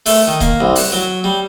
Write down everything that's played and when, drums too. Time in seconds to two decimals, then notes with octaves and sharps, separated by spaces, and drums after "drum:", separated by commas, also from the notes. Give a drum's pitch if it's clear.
0.06 A3, drum: open hi-hat
0.27 D#3
0.41 A#3, drum: kick, hi-hat
0.60 C2
0.76 F#5, drum: open hi-hat
0.92 F#3
1.24 G3